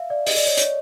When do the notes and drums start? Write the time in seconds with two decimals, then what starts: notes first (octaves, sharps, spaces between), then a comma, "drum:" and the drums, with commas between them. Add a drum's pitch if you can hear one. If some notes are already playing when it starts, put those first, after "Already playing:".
Already playing: E5 F5
0.10 D5
0.26 D#5, drum: open hi-hat
0.37 D5
0.47 C#5
0.57 C#5, drum: hi-hat